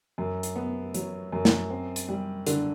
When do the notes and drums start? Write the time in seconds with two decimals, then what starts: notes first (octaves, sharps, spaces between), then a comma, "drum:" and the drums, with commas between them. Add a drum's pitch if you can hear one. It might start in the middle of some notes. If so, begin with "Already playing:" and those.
0.18 F#2
0.43 drum: hi-hat
0.56 B3
0.94 F#3, drum: hi-hat
1.32 F#2
1.45 drum: snare
1.70 C4
1.96 drum: hi-hat
2.09 G3
2.47 D3, drum: hi-hat